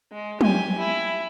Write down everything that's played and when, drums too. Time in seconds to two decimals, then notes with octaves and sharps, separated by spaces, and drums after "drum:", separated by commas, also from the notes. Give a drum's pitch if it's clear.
0.12 G#3
0.41 G4 G#5, drum: tom
0.79 E4